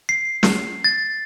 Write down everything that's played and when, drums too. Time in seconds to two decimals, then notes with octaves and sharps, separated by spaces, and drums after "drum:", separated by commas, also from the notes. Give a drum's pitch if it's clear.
0.09 C7
0.43 drum: snare
0.84 A6